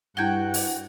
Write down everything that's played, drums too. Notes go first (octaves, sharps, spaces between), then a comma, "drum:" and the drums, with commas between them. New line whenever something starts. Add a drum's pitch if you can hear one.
G2 E4 F#4 F#5 G5 G#6 G7
drum: open hi-hat